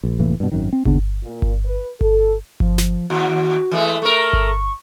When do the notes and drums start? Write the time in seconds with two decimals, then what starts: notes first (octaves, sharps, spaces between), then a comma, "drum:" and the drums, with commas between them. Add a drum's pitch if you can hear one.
0.03 A#1
0.19 F1 A2 E3 A#3
0.40 G2 B2
0.52 G#1 F#2 D#3
0.73 C4
0.85 D#2 C#3 B3 D4, drum: kick G1
1.23 A#2
1.42 drum: kick G1
1.65 B4
2.01 A4, drum: kick G1
2.60 F3, drum: kick G1
2.78 drum: snare
3.10 D#2 F#4
3.71 E3 G#3 A3
4.02 A3 A#4 C#6
4.33 drum: kick G1
4.47 C#6